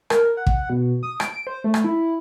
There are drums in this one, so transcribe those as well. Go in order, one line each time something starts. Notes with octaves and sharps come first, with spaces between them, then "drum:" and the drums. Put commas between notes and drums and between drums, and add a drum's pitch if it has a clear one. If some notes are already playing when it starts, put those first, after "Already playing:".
A#4, drum: rim click
F#5
drum: kick
B2
D#6
D7, drum: rim click
C5
A3
drum: rim click
E4